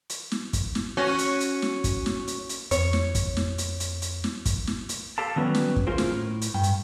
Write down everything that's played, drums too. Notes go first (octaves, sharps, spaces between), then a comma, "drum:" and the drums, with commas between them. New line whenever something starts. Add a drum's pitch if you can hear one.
drum: hi-hat
drum: snare
drum: kick, hi-hat
drum: snare
C#4 F#4
drum: hi-hat
drum: hi-hat
drum: snare
drum: kick, hi-hat
drum: snare
drum: hi-hat
drum: hi-hat
F2 C#5, drum: hi-hat
drum: snare
drum: kick, hi-hat
drum: snare
drum: hi-hat
drum: hi-hat
drum: hi-hat
drum: snare
drum: kick, hi-hat
drum: snare
drum: hi-hat
G4 A4 F5 A5
D#3 F#3 G3 B3 C#4 B4
drum: snare
drum: kick
A3 C#4 F4 G#4 A#4 C5
drum: snare
A2
drum: hi-hat
G2 G5
drum: hi-hat